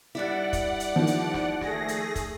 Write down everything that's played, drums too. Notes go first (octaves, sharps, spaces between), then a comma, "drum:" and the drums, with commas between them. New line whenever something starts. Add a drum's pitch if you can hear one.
G2 G3 E4 D5 F#5
drum: kick, hi-hat
drum: hi-hat
D#3 F3
drum: hi-hat
drum: snare
A3 G#4 A#6, drum: snare
drum: hi-hat
drum: kick, hi-hat